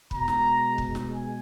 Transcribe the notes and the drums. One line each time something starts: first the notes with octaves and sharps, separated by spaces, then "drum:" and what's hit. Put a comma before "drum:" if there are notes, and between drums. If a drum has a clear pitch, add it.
B2 G#3 A#5, drum: kick
drum: snare
drum: kick
drum: snare
G#5